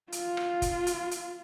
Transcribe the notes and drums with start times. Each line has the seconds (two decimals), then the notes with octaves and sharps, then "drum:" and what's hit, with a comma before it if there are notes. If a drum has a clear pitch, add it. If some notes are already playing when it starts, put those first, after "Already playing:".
0.12 F4, drum: hi-hat
0.37 drum: rim click
0.62 drum: kick F#1, hi-hat
0.87 drum: hi-hat
1.11 drum: hi-hat